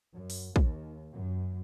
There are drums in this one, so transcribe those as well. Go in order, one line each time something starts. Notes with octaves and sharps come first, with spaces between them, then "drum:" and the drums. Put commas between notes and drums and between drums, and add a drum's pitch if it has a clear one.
F#2
drum: open hi-hat
D#2, drum: kick
F#2